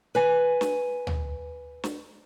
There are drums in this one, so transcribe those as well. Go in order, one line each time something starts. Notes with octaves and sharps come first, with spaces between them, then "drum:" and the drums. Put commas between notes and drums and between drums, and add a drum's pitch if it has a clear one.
B4 G#5
drum: snare
drum: tom
drum: snare